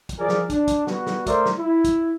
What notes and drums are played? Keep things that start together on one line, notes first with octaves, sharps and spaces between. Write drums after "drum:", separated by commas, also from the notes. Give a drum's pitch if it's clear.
drum: kick, hi-hat
F3 G#4 A#4 D5 G#5
drum: snare
D4, drum: kick, hi-hat
drum: kick, hi-hat
G3 B3 F#4, drum: snare
drum: snare
A3 A#4 C5 D5 E5, drum: kick, hi-hat
drum: snare
E4
drum: kick, hi-hat